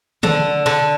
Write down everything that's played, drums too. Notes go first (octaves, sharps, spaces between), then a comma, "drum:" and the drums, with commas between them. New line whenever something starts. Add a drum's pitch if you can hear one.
D3, drum: tom D3
D3